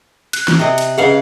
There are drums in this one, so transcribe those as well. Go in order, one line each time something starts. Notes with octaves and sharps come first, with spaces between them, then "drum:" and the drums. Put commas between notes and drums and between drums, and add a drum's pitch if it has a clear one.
F#6, drum: cymbal
drum: snare
C3 D#5
drum: cymbal
C#3 G#4 B4 D#5 F5 F#5